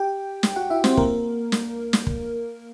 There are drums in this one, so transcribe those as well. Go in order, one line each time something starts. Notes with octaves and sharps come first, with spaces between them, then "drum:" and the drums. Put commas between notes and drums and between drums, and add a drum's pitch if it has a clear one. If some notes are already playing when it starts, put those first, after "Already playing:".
Already playing: G4 G5
drum: snare
F#4 F#5
E4 E5
C4 C5, drum: snare
A#3 A#4, drum: kick
drum: snare
drum: snare
drum: kick